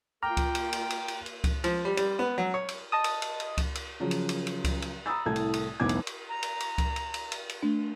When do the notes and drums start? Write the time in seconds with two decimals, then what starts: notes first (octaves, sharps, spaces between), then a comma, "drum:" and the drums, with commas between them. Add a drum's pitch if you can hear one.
0.23 A#3 F4 G5 A#5 D6 F6
0.37 drum: kick C#2, cymbal
0.55 drum: cymbal
0.73 drum: cymbal
0.90 drum: cymbal
1.08 drum: cymbal
1.26 drum: cymbal
1.44 drum: kick C#2, cymbal
1.64 F3, drum: cymbal
1.85 G3
1.97 G3, drum: cymbal
2.19 B3
2.38 F#3
2.54 C#5
2.68 drum: cymbal
2.92 D#5 A5 D#6
3.04 drum: cymbal
3.22 drum: cymbal
3.40 drum: cymbal
3.58 drum: kick C#2, cymbal
3.75 drum: cymbal
4.00 C#3 F3 F#3
4.11 drum: cymbal
4.29 drum: cymbal
4.47 drum: cymbal
4.64 drum: kick C#2, cymbal
4.82 drum: cymbal
5.06 A#5 B5 D#6 E6 A6
5.26 C2 A2 A3 A5 G#6
5.36 drum: cymbal
5.53 drum: cymbal
5.80 F1 C2 B3 D6 G#6
5.89 drum: cymbal
6.07 drum: cymbal
6.29 A#5
6.43 drum: cymbal
6.60 drum: cymbal
6.78 drum: kick C#2, cymbal
6.96 drum: cymbal
7.14 drum: cymbal
7.32 drum: cymbal
7.49 drum: cymbal
7.63 A3 D4